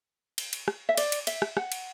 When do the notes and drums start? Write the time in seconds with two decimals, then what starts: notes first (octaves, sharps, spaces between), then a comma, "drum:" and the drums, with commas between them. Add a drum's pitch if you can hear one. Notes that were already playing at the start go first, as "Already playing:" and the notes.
0.38 drum: cymbal
0.53 drum: cymbal
0.68 drum: rim click
0.89 E5
0.97 D5, drum: cymbal
1.12 drum: cymbal
1.27 E5, drum: cymbal
1.42 drum: rim click
1.57 F#5, drum: rim click
1.72 drum: cymbal